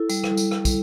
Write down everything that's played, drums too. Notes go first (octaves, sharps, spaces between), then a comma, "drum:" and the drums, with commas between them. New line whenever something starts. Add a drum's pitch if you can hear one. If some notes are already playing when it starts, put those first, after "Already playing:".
Already playing: E4 A4
G3, drum: tambourine
drum: rim click
drum: tambourine
drum: rim click
drum: kick, tambourine